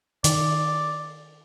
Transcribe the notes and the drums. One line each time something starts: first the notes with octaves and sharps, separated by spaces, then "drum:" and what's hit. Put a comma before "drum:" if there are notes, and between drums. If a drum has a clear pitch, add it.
D#3 D5, drum: hi-hat